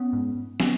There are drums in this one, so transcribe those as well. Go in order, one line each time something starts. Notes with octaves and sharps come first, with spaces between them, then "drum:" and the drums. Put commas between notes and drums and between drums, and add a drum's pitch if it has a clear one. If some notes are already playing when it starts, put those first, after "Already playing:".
Already playing: B3 C#4
G#2
B3 C#4, drum: snare